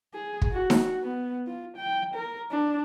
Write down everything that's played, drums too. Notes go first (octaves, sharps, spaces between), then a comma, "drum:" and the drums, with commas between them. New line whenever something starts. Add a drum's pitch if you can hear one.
G#4
drum: kick
F#4
drum: snare D#4
B3
F4
G5
A#4
D4